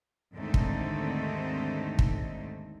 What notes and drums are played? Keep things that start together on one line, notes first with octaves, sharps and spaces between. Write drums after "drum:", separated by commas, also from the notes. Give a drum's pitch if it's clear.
D#2 G#2 D3 A3 C4 D#4
drum: kick
drum: kick